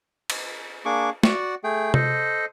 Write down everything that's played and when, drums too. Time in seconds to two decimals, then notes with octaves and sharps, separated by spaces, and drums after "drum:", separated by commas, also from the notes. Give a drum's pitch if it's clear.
0.30 drum: cymbal
0.85 A#3 D4 G#4 C#6 D6
1.23 F#4 D5 F#5, drum: snare
1.64 A3 G#4 G5
1.94 A4 C5 D#5, drum: tom C3